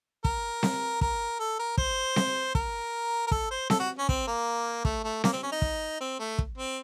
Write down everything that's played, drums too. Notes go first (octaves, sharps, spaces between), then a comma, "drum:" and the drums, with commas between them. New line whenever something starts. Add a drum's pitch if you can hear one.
A#4, drum: kick
drum: snare C4
A#4, drum: kick
A4
A#4
C5, drum: kick
drum: snare C4
A#4, drum: kick
A#4
A4, drum: kick
C5
A4, drum: snare C4
F#4
C#4
C4, drum: kick
A#3
A3, drum: kick
A3
A#3, drum: snare C4
C4
C#4
D#4
drum: kick
C4
A3
drum: kick
C4